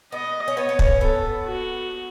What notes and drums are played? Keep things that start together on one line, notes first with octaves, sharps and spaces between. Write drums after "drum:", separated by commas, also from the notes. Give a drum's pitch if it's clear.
B3 D#5
C#4
B3 C#5
B3
C#4, drum: kick
B3 A4
F#4